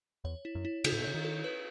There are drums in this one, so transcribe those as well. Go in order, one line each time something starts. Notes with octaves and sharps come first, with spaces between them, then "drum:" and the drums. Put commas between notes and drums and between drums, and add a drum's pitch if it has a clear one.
E2 C#5
E4
F#2
E4
C#3 A4, drum: cymbal
A2
B2
C#3 C#5
D#3
A4
B4